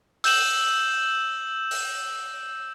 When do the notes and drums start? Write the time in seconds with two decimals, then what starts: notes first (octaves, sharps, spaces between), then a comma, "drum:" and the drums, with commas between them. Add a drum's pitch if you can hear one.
0.24 E6 G6 E7 F#7, drum: open hi-hat
1.71 drum: open hi-hat